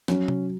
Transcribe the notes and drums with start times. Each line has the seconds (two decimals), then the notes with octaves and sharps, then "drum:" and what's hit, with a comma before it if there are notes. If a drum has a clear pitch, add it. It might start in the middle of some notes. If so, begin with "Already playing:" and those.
0.08 F#3 C#4, drum: snare
0.28 drum: tom C3